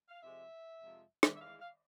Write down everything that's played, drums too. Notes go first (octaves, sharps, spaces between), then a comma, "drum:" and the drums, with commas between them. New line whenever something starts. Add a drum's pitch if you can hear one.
F5
F2 C3 F3 G#3 E5
F2 C3 F3 G#3
drum: rim click
E5
E2 E3 G#3 F5
F5